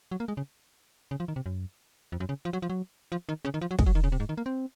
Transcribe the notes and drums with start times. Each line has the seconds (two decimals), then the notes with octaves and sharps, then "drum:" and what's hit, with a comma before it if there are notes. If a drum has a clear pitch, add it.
0.11 F#3
0.20 A#3
0.28 G#3
0.37 C#3
1.11 C#3
1.20 F3
1.28 D#3
1.36 C3
1.46 F#2
2.12 F2
2.20 F#2
2.29 C#3
2.45 F3
2.53 F#3
2.62 F3
2.70 F#3
3.12 F3
3.29 D#3
3.45 C#3
3.54 D#3
3.61 F3
3.71 F#3
3.79 G#3, drum: kick
3.86 F#3
3.95 D#3
4.04 C#3
4.12 C3
4.20 G#2
4.29 D#3
4.38 A#3
4.46 C4